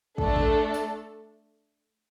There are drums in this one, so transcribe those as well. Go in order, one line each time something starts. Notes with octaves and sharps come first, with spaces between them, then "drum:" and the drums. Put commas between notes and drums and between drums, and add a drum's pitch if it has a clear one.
A3 D4 A4, drum: kick
drum: kick
drum: tambourine